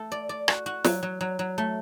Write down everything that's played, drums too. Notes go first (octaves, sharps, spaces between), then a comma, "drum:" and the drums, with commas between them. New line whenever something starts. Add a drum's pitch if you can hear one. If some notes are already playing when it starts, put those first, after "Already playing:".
Already playing: A3 A4
D5
D5
F#4, drum: rim click
F#4
F#3, drum: snare
F#3
F#3
F#3
A3